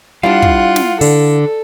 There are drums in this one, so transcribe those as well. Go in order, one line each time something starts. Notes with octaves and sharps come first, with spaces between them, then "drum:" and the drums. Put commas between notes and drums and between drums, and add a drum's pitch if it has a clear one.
G3 D4 E4 F4 F5 F#5
drum: kick
drum: snare
D3 A4, drum: open hi-hat